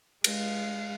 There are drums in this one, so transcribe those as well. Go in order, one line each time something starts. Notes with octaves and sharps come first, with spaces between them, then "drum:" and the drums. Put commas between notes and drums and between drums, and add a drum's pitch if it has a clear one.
G#3 F5, drum: cymbal